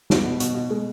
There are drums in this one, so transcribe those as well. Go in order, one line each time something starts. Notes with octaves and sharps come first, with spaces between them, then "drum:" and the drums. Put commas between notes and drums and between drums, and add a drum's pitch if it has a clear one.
B3, drum: snare
B2
B2, drum: hi-hat
B2
G#3